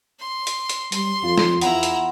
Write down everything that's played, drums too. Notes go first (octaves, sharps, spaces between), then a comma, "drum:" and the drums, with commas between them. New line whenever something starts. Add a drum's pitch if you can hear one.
C6
drum: hi-hat
drum: hi-hat
G3 C6, drum: hi-hat
F2 F4
drum: snare
E2 B3 E4 A#5, drum: hi-hat
drum: hi-hat